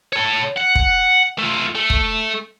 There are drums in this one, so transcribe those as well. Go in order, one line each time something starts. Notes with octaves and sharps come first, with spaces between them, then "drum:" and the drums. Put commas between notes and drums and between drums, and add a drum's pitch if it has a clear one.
A4 C#5
F#5
drum: kick
A3 F4
A3
drum: kick